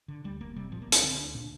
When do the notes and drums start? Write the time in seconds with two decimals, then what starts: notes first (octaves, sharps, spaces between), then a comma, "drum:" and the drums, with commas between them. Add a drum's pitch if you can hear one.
0.08 D3
0.24 D2 G3
0.40 F1 A#3
0.56 C3 G3
0.72 A#2 F3
0.82 A#3
0.87 C2
0.92 C4, drum: hi-hat
1.03 D3 C4
1.19 D2 D4
1.35 A#2 D4